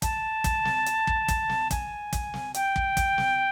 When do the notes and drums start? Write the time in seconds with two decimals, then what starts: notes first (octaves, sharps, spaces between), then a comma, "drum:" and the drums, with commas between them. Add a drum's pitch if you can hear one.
0.02 A5, drum: kick, hi-hat
0.44 drum: kick, hi-hat
0.65 drum: snare
0.86 drum: hi-hat
1.07 drum: kick
1.28 drum: kick, hi-hat
1.49 drum: snare
1.71 G#5, drum: kick, hi-hat
2.13 drum: kick, hi-hat
2.34 drum: snare
2.54 G5, drum: hi-hat
2.76 drum: kick
2.97 drum: kick, hi-hat
3.18 drum: snare